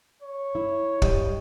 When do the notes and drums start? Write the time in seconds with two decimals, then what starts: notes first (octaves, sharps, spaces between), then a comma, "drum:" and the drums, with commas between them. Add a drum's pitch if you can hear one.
0.22 C#5
0.55 E4
1.02 G2 G3 D#5, drum: kick